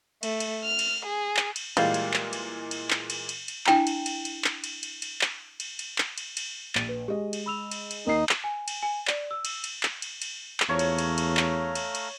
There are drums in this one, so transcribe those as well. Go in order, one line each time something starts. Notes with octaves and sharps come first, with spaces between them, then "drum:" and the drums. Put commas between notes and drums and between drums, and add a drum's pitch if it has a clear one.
A3, drum: cymbal
drum: cymbal
F6
drum: cymbal
G#4
drum: clap
drum: cymbal
A#2 E3 G3 G#3 F5, drum: cymbal
drum: cymbal
drum: clap
drum: cymbal
drum: cymbal
drum: clap
drum: cymbal
drum: cymbal
drum: cymbal
D4 E4 G5 A#5, drum: clap
drum: cymbal
drum: cymbal
drum: cymbal
drum: clap
drum: cymbal
drum: cymbal
drum: cymbal
drum: clap
drum: cymbal
drum: cymbal
drum: clap
drum: cymbal
drum: cymbal
A#1 A6 D7 D#7, drum: clap
B4
G#3 G4 D#5
drum: cymbal
B5 E6 F7
drum: cymbal
drum: cymbal
D#2 D#4 A#4 C7
drum: clap
G#5
drum: cymbal
G#5
D5, drum: clap
E6
drum: cymbal
drum: cymbal
drum: clap
drum: cymbal
drum: cymbal
drum: clap
E2 A3 C#5 F5 A#5
drum: cymbal
drum: cymbal
drum: cymbal
drum: clap
drum: cymbal
drum: cymbal